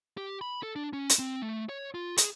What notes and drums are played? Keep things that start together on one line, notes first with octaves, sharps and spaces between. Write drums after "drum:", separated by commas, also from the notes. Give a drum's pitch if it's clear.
G4
B5
A4
D4
C#4
drum: hi-hat
C4
A3
C#5
F4
G#4, drum: hi-hat